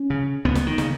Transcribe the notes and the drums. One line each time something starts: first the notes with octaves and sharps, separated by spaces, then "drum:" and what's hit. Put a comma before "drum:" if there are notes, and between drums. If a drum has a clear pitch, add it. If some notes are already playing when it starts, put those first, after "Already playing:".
Already playing: C#4
C#3
C#2 B3
drum: snare
D#3
C#3, drum: snare